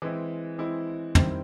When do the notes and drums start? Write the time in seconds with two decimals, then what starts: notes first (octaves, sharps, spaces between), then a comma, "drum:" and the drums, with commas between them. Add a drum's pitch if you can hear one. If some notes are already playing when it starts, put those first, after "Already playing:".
0.02 E3 G#3 C4 E4
0.58 E3 G#3 C4 E4
1.15 D#3 G3 C4 E4, drum: tom